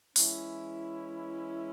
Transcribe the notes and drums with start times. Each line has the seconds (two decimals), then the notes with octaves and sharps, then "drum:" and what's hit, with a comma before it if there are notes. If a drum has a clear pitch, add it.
0.16 E3 G#3 C#4 E4, drum: open hi-hat